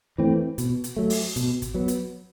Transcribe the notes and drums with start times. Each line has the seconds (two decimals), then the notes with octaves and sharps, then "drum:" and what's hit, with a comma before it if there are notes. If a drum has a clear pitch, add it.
0.18 E3 A3 C4
0.58 B2, drum: hi-hat
0.84 drum: hi-hat
0.97 F#3 A3
1.10 drum: open hi-hat
1.36 B2, drum: hi-hat
1.62 drum: kick, hi-hat
1.74 F#3 B3
1.88 drum: hi-hat